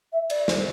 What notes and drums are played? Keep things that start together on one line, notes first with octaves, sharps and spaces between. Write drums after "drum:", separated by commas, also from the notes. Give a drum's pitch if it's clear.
E5
D5, drum: cymbal
C5, drum: snare